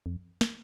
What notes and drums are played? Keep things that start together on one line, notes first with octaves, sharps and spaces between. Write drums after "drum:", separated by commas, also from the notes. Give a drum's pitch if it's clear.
F2
drum: snare